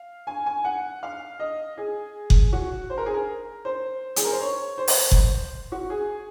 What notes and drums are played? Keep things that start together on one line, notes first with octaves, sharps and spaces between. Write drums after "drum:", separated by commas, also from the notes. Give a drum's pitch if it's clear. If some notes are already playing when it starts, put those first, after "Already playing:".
Already playing: F5
G#5
G#5
F#5
F5
D#5
G#4
drum: kick F#1
F#4
C5
A#4
G#4
A#4
C5
G#4, drum: hi-hat
A#4
C5
C#5
C5
drum: open hi-hat
drum: kick F#1
F#4
G#4